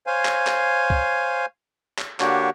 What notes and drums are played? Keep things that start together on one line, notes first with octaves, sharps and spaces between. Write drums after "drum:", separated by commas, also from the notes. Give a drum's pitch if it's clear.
C5 C#5 F5 G#5
drum: clap
drum: clap
drum: kick C2
drum: clap
D3 A#3 D4 F#4 G4 C#5, drum: clap